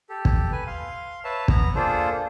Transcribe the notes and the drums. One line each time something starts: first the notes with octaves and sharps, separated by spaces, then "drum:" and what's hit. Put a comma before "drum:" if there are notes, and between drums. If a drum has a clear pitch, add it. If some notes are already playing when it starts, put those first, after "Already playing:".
G4 A4
drum: kick
B4 G#5
F5 C6
B4 C#5 E5 A5
B3 A#5, drum: kick
A#3 D4 F4 G#4 A4 C5